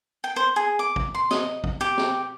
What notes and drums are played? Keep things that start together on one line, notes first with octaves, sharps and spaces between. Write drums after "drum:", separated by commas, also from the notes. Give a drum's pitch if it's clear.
G5
C5
G#4
D6
drum: kick
C6
D#5, drum: snare
drum: kick
G4
drum: snare